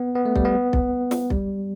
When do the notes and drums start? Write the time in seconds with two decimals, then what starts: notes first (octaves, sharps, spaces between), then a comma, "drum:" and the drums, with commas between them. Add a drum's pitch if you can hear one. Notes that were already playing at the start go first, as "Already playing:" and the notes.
Already playing: B3
0.15 B3
0.26 A3
0.35 G3, drum: kick B1
0.45 B3
0.73 drum: kick B1
1.11 drum: snare
1.30 G3, drum: kick B1